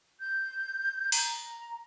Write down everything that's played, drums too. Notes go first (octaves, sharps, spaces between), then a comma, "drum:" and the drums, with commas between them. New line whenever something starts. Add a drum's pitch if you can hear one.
G6
A#5, drum: open hi-hat